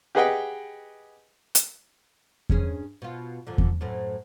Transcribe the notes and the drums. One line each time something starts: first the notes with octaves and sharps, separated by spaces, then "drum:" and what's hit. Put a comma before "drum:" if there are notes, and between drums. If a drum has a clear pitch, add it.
G4 G#4 B4 D#5 F#5 G5
drum: hi-hat
G2 C#4 G#4, drum: kick E2
B2 F4
F2 A#2 D3
drum: kick E2
F#2 A2 C4